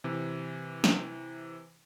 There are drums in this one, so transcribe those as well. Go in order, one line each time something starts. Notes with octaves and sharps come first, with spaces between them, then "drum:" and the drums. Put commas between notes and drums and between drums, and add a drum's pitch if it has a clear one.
C3 E3
drum: snare